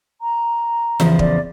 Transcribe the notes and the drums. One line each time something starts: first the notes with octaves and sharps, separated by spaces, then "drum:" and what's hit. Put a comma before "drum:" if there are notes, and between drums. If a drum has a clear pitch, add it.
A#5
E2 C#3 F3, drum: snare F4
D5, drum: kick